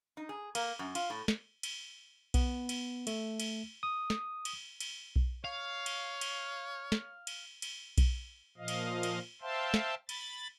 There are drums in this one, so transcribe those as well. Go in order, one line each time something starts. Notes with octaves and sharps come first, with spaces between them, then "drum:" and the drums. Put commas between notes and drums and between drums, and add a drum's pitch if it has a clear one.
D#4
G#4
A#3, drum: cymbal
F#2
F4, drum: cymbal
A2
drum: snare
drum: cymbal
B3, drum: kick B1, cymbal
drum: cymbal
A3, drum: cymbal
drum: cymbal
D#6
drum: snare
drum: cymbal
drum: cymbal
drum: kick B1
C#5 F5
drum: cymbal
drum: cymbal
drum: snare
drum: cymbal
drum: cymbal
drum: kick B1, cymbal
A#2 F3 D#5 F5
drum: cymbal
drum: cymbal
C5 E5 F5 G5 A5 C6
drum: snare
B5 A6, drum: cymbal